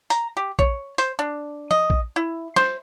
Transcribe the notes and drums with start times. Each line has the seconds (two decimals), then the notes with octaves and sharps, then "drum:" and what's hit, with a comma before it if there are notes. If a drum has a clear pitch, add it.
0.10 A#5, drum: hi-hat
0.37 G4
0.59 C#5, drum: kick A#1
0.98 C5, drum: hi-hat
1.19 D4
1.71 D#5, drum: tom
1.90 drum: kick A#1
2.16 E4
2.56 C5, drum: snare